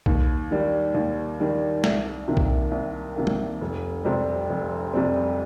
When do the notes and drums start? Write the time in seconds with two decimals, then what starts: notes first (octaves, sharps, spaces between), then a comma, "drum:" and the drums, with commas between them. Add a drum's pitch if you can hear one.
0.06 D#2, drum: kick B1
0.51 D#3 G3
0.95 D#2
1.40 D#3 G3
1.84 C2, drum: snare
2.28 C3 D#3 A#3
2.37 drum: kick B1
2.72 C2
3.16 C3 D#3 A#3
3.27 drum: tom
3.61 F1
4.04 F2 C3 G3 C4
4.49 F1
4.93 F2 C3 G3 C4